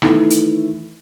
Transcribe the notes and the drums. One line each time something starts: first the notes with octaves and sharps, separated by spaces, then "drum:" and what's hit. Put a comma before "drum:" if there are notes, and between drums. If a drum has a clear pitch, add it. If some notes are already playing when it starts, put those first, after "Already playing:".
D#3 E3 A3, drum: rim click
drum: hi-hat